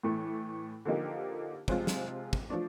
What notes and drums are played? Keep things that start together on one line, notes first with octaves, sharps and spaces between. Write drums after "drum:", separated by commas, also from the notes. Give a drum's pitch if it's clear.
A2 E3 A3
D3 F3 A#3 D#4 G4
C3 F3 G#3 C4 F4, drum: kick
drum: snare
drum: kick
F3 A3 D4